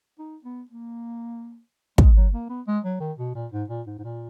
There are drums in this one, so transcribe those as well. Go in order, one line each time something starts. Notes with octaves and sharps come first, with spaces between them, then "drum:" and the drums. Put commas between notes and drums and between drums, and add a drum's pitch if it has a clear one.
D#4
B3
A#3
G#3, drum: kick
F#3
A#3
B3
G#3
F#3
D#3
B2
A#2
G#2
A#2
G#2
G#2
A#2